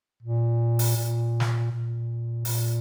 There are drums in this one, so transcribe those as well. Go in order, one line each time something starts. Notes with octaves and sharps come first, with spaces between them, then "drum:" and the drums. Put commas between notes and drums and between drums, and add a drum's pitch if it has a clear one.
A#2
drum: open hi-hat
A#2
drum: snare
A#2
A#2, drum: open hi-hat